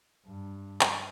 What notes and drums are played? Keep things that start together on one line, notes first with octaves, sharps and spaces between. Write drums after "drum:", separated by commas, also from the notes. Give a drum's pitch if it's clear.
G2
drum: clap